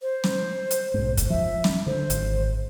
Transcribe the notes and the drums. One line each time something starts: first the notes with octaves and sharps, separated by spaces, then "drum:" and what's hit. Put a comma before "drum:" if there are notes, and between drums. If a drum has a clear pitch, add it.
C5
drum: snare
drum: hi-hat
B1 G#2
drum: kick, hi-hat
F3 E5
drum: snare
D3 C5
G#1, drum: hi-hat